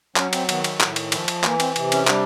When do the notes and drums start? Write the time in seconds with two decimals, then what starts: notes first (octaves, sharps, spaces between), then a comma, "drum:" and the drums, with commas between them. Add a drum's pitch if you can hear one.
0.16 F#3 C#4, drum: clap
0.33 C4, drum: cymbal
0.49 D#3 B3, drum: cymbal
0.64 drum: cymbal
0.81 A2, drum: clap
0.96 drum: cymbal
1.12 F3, drum: cymbal
1.28 drum: cymbal
1.44 E3 A#3, drum: clap
1.60 C4, drum: cymbal
1.76 C3, drum: cymbal
1.92 C#4, drum: cymbal
2.07 G3 D4, drum: clap